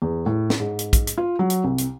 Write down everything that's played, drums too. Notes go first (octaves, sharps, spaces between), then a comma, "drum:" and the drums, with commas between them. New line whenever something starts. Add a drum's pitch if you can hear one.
E2
A2
drum: snare
G#2
drum: hi-hat
drum: kick A#1, hi-hat
drum: hi-hat
F4
F#3
drum: hi-hat
C2
drum: hi-hat